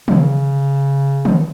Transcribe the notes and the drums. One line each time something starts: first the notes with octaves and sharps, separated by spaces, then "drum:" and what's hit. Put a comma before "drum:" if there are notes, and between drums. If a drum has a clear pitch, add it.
C#3, drum: tom
drum: tom